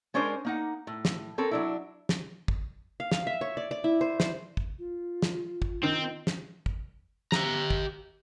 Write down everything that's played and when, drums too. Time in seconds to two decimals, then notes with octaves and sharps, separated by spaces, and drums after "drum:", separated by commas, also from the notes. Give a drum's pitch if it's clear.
0.14 G#3 C#4 D4 A#4 C5
0.45 A#3 D#4 F#5
0.87 A2
1.05 drum: snare
1.38 C4 C#4 A4 A#4
1.51 F#3 D4 E4
2.09 drum: snare
2.48 drum: kick
3.00 F5
3.12 F5, drum: snare
3.27 E5
3.41 C#5
3.57 D5
3.71 D5
3.84 E4
4.01 C5
4.20 C5, drum: snare
4.57 drum: kick
4.79 F4
5.22 drum: snare
5.62 drum: kick
5.83 D#3 C4
6.27 drum: snare
6.66 drum: kick
7.32 G4 A#5, drum: snare
7.70 drum: kick